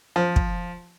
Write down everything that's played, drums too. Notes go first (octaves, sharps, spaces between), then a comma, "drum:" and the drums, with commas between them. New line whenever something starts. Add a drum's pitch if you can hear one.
F3
drum: kick